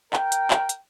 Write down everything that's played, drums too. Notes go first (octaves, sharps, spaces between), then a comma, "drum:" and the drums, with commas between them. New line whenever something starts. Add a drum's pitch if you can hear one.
A#4 G5, drum: clap
drum: hi-hat
drum: clap
drum: hi-hat